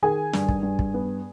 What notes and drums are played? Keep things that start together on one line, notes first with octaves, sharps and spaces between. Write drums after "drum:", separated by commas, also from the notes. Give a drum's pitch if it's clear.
D#3 G#4 G#5
G2, drum: snare
drum: kick
G2
drum: kick
B3